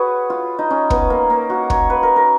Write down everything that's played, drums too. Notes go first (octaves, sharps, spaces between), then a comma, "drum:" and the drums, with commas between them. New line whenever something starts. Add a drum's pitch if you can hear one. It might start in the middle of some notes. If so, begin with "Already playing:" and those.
Already playing: F#4 G#4 B4 C#5
F4
D#4
C#4
B3, drum: kick
A#3
A#3
F#4
C#5, drum: kick
B4
A#4
A#4